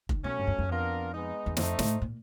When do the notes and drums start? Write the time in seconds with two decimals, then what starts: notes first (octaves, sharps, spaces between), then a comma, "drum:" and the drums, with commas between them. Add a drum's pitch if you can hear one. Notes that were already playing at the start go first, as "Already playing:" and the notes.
0.09 D#3, drum: kick F1
0.24 B2 F#3 A3 C#4
0.38 G2
0.47 F#2
0.59 F#2
0.69 F2 B3 D4 F4 A#4
1.13 G#3 B3 D#4
1.46 E2
1.57 F2 A3 C4 D#4, drum: snare
1.79 A2, drum: snare
2.02 A#2